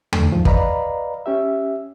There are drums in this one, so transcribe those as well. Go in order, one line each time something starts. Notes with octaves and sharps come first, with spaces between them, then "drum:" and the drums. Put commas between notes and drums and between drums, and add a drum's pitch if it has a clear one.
D3 A3, drum: tom D#2
F2 G#2 F3
B4 D5 D#5 F5 A#5 B5, drum: kick
C#4 G4 E5